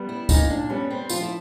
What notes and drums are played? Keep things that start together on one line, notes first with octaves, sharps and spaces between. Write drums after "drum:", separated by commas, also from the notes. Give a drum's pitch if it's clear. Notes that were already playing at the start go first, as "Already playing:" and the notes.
Already playing: G3 B3
E4
A#2 D#4, drum: kick, tambourine
D4
G3 B3 C#4
C4
F3 F4, drum: tambourine
E4